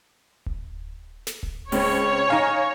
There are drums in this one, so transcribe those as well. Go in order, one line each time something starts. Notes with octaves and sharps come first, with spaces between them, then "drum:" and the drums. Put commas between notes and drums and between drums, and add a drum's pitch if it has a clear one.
drum: kick D1
drum: snare
drum: kick D1
C#2 C4 C#5, drum: open hi-hat
D#4 F5 G#5